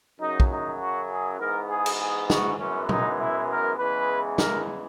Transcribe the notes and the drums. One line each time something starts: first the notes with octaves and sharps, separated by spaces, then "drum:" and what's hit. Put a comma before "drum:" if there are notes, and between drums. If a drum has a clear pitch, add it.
F#2 C#3 F#3 D#4
drum: kick
D#4
F#4
G#4
G#2 E3 B3 A#4
G#4
drum: cymbal
G#4
F#4, drum: snare
F#2 E3 G#3 B3 C#4
D#4, drum: tom A#2
E4
A#4
E2 C#3 E3 G#3 B4
A#4, drum: snare